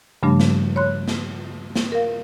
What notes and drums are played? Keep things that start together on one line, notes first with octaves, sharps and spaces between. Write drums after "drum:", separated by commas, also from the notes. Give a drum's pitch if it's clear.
G2 C#3 F3 G3 A3 D4
drum: snare
C#5 B5 C6 F#6
drum: snare
drum: snare
A#4 F5